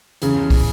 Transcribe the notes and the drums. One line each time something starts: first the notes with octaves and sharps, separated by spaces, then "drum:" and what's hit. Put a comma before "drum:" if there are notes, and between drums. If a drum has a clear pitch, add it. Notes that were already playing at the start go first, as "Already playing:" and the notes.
E2 C#3, drum: hi-hat
drum: kick, open hi-hat